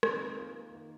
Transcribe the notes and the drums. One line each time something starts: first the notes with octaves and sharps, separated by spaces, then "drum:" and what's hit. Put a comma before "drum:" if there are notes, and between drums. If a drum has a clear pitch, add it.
D#3 G#3 C4, drum: rim click
A#3 F4 A#4
D#3